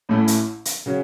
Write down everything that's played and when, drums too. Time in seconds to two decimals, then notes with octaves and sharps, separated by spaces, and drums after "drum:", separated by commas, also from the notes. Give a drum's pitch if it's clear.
0.09 A1 A2 A3 C#4 E4
0.28 drum: hi-hat
0.65 drum: hi-hat
0.86 C#3 F#3 C#4